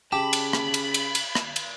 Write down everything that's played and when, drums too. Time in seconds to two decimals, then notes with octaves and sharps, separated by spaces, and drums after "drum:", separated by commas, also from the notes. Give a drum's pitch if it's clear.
0.12 C#3 G4 A5 B5
0.33 drum: cymbal
0.53 drum: rim click
0.74 drum: cymbal
0.94 drum: cymbal
1.15 drum: cymbal
1.35 drum: rim click
1.56 drum: cymbal